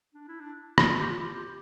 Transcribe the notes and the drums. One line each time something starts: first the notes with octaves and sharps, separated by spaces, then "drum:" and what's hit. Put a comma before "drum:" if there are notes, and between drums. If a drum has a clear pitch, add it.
D4
E4
D4
E4, drum: rim click
F4
G4
F4
F4
G4